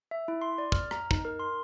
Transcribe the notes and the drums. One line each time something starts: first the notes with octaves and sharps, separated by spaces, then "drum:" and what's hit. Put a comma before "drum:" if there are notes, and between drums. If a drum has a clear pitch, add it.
E5
E4
C6
D5
F6, drum: kick
A#5, drum: rim click
D#4, drum: kick
A#4
C6